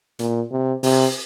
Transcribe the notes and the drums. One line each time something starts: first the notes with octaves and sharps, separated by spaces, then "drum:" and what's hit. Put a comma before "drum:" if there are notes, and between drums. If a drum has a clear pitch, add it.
A#2, drum: hi-hat
C3
C3, drum: open hi-hat